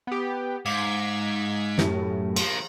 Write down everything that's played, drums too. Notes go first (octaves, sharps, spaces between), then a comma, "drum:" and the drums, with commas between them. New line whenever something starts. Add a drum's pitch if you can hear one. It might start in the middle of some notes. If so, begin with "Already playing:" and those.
B3 G4
G#2 F5 D6 G#6 B6 C7
F#2 A2 G4 E5 A5, drum: snare
F3 A#3, drum: cymbal